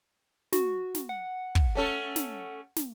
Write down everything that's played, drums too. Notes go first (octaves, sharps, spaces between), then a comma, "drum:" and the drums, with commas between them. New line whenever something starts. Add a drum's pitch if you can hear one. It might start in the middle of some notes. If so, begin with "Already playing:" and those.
F#4, drum: snare
drum: snare
F#5
drum: kick
A3 C#4 A4
drum: snare
drum: snare